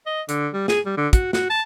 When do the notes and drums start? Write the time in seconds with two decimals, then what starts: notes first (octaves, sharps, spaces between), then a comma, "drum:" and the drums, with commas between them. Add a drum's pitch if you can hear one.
0.06 D#5
0.29 D3, drum: hi-hat
0.54 G3
0.68 G#4, drum: snare
0.86 G3
0.97 D3
1.13 F#4, drum: kick, hi-hat
1.33 F#4, drum: snare
1.50 A5